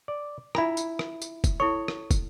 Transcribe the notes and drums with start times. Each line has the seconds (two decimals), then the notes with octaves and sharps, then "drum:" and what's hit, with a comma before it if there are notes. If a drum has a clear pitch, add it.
0.08 D5
0.55 D4 E4 F4 A#5 B5, drum: rim click
0.77 drum: tambourine
0.99 drum: rim click
1.22 drum: tambourine
1.44 drum: kick, tambourine
1.60 E4 A4 C#5 C#6
1.88 drum: rim click
2.11 drum: kick, tambourine